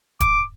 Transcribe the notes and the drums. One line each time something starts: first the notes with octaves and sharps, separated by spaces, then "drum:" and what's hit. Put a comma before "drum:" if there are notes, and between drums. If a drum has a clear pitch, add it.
D6, drum: kick D#1, hi-hat